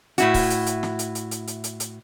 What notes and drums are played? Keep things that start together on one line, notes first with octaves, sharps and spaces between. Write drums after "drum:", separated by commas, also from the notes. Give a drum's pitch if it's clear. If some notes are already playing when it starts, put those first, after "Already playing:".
A2 E4 F#4, drum: hi-hat
drum: kick C#1, open hi-hat
drum: hi-hat
drum: hi-hat
drum: snare
drum: hi-hat
drum: hi-hat
drum: hi-hat
drum: hi-hat
drum: hi-hat
drum: hi-hat